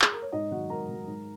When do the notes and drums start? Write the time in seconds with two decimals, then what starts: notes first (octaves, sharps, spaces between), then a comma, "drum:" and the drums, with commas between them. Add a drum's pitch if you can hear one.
0.02 G#4, drum: clap
0.12 A#4
0.22 C#5
0.32 G#2 D#4 D#5
0.52 D#3 F#3 F#4 F#5
0.70 G#2 A#4 A#5
0.89 D#3 F#3
1.07 G#2